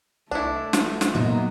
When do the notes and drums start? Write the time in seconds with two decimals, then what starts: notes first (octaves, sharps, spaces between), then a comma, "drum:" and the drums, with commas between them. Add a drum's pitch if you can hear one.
0.31 C2 A3 D4 E4 D#5 C#6
0.73 drum: snare
1.01 drum: snare
1.15 A#2 F#3 A#3 B3 D#4 E5 C6